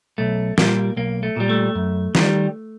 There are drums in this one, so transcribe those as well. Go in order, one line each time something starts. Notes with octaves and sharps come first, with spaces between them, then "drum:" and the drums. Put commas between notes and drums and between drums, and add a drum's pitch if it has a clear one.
B1 A3
A#2 G3 A#3, drum: snare
B1 A#3
A3
A#2 G3
A3
F#2
D#3 G3, drum: snare